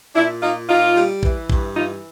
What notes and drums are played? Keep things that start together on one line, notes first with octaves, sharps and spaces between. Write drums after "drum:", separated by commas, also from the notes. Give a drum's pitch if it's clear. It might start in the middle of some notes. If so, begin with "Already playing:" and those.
A#2 D4 E4
A#2 D#4 F4
A#2 D#4 F4
G3
E3, drum: kick A1
G2, drum: kick A1
E3 D#4 F4